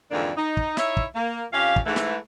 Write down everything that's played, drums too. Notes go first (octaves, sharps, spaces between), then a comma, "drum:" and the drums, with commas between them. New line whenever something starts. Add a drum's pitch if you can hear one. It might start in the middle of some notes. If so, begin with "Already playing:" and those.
F2 G#2 D3 E3 A#3 D4
D#4
drum: kick
D#4 E4 C#5 E5, drum: snare
drum: kick
A#3
F2 C#4 G4 F5
drum: kick
G#2 E3 A3
drum: snare